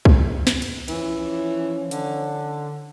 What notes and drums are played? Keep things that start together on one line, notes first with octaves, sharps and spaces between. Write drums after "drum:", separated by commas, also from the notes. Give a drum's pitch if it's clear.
drum: kick
drum: snare
drum: cymbal
E3 F3 C#4, drum: cymbal
D3, drum: hi-hat